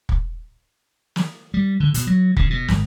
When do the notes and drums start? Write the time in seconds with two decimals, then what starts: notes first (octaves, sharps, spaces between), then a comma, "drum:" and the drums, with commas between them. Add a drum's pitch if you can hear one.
0.09 drum: kick
1.16 drum: snare
1.54 G3
1.80 D3
1.94 B2, drum: hi-hat
2.07 F#3
2.36 C#3, drum: kick
2.50 B2
2.68 G#1, drum: snare